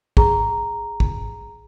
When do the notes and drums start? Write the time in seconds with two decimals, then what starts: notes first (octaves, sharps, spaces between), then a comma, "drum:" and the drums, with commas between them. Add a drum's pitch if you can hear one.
0.17 G#4 A#5, drum: kick
1.00 drum: kick